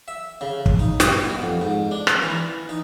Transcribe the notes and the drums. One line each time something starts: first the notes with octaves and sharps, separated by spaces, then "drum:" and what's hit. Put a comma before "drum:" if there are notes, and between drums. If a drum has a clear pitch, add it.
E5
C#3
drum: kick
D#4
G2, drum: snare
B2
F2
G#2
D4
drum: rim click
E3
D#4